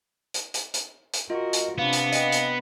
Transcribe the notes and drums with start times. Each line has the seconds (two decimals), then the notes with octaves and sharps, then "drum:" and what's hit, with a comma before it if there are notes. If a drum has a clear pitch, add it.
0.34 drum: hi-hat
0.54 drum: hi-hat
0.74 drum: hi-hat
1.13 drum: hi-hat
1.30 F4 F#4 A#4 D#5
1.53 drum: hi-hat
1.78 C3 B3 D4 F5
1.93 drum: hi-hat
2.12 D#5 G5, drum: hi-hat
2.32 drum: hi-hat